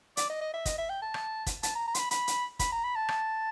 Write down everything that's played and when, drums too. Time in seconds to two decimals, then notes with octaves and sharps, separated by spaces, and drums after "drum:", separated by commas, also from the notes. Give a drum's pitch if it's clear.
0.17 D5, drum: hi-hat
0.30 D#5
0.41 D#5
0.54 E5
0.65 D#5, drum: kick, hi-hat
0.78 E5
0.90 G5
1.02 A5
1.14 drum: rim click
1.46 drum: kick, hi-hat
1.63 A5, drum: hi-hat
1.75 A#5
1.87 A#5
1.94 C6, drum: hi-hat
1.99 B5
2.11 B5, drum: hi-hat
2.27 drum: hi-hat
2.59 B5, drum: kick, hi-hat
2.72 A#5
2.84 B5
2.96 A5
3.08 drum: rim click